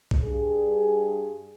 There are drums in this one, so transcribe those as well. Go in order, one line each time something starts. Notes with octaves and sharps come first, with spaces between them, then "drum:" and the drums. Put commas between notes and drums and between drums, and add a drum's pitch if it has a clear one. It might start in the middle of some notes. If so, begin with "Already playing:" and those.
drum: kick B1
G2 G#4